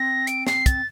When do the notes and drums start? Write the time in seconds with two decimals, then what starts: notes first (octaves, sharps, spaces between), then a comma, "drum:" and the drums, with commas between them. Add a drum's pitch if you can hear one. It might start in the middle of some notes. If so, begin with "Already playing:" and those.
Already playing: C4 A#6
0.27 D7, drum: hi-hat
0.47 C7, drum: snare
0.66 A6, drum: kick, hi-hat